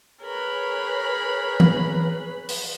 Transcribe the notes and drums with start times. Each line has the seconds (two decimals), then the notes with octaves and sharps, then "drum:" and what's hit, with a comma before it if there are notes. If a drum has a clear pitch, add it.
0.22 G#4 A#4 B4 C#5 B5
1.60 drum: tom E3
2.49 drum: open hi-hat